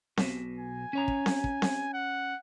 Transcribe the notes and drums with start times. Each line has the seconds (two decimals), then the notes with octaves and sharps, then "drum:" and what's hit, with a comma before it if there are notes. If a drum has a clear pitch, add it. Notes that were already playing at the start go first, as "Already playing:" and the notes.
0.17 B1 B2, drum: snare C4
0.58 G#5
0.93 C#4 C#5 A#5
1.08 drum: kick
1.26 drum: snare C4
1.44 drum: kick
1.62 drum: snare C4
1.93 F#5